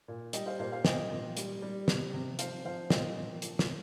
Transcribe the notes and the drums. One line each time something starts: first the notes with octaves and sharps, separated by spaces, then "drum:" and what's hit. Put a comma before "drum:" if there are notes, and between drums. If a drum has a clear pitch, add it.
A#2
G3 D#5 G5, drum: hi-hat
C5 F5
A#2 C5 F5
C5 F5
A#2 D#5 G5, drum: snare
A#2
G3, drum: hi-hat
G3
C3, drum: snare
C3
F3 C5 F5, drum: hi-hat
F3 C5 F5
A#2 D#5 G5, drum: snare
A#2
F3, drum: hi-hat
drum: snare